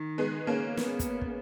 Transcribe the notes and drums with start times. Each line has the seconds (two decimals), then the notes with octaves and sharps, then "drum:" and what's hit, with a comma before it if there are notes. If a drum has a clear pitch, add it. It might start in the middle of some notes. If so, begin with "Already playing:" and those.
Already playing: D#3
0.18 G#3 B3
0.47 A#3 C#4
0.77 B3, drum: snare
0.99 drum: kick, hi-hat
1.21 drum: kick